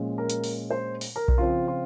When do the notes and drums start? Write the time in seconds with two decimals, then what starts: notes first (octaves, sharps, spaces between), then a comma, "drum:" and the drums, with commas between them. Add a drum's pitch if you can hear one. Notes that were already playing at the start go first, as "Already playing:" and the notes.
Already playing: A#2 F3 G#3 C#4
0.18 A#4
0.30 drum: hi-hat
0.44 drum: open hi-hat
0.71 C5
1.01 drum: open hi-hat
1.16 A#4
1.28 drum: kick B1
1.38 C#3 F3 C4 F4
1.68 F4